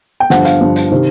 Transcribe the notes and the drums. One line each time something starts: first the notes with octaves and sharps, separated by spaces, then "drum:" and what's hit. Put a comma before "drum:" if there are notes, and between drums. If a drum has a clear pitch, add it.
G5
G2 D3 F3 F#5, drum: snare
F5, drum: hi-hat
G2 D3 F3
drum: hi-hat
C3 D#3